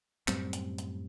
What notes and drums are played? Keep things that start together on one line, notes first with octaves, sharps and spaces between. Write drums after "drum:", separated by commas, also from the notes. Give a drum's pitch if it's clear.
F#2 A2 G3 C4, drum: clap
drum: hi-hat
drum: hi-hat